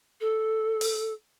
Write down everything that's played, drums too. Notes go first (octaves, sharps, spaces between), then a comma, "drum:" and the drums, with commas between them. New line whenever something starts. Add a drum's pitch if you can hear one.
A4
drum: open hi-hat